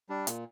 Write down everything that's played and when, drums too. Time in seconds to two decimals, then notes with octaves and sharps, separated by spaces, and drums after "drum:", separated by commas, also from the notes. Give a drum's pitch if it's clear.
0.09 G3 D4
0.27 A#2, drum: hi-hat